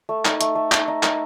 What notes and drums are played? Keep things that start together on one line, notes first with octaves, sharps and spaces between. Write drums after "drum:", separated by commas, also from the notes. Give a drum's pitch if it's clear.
A3
D#4, drum: clap
A3, drum: hi-hat
A3
D#4, drum: clap
D#4
D#4, drum: clap